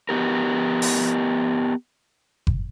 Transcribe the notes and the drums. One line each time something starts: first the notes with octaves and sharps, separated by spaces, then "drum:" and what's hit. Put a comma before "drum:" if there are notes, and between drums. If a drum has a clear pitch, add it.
B3 G4 A#4
drum: open hi-hat
drum: kick F#1